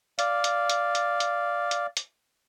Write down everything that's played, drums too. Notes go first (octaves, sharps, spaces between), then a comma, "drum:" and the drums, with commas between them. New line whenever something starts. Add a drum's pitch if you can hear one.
D5 F5, drum: hi-hat
drum: hi-hat
drum: hi-hat
drum: hi-hat
drum: hi-hat
drum: hi-hat
drum: hi-hat